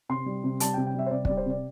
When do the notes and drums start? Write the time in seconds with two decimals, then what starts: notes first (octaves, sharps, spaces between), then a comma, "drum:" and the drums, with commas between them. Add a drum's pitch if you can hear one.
0.09 C3 C6
0.26 G3
0.44 C3
0.60 G3 A5, drum: hi-hat
0.74 G5
0.77 C3
0.86 G5
0.94 G3 E5
1.06 C5
1.11 C3 D5
1.25 G3 D5, drum: kick
1.37 C5
1.46 C3 D5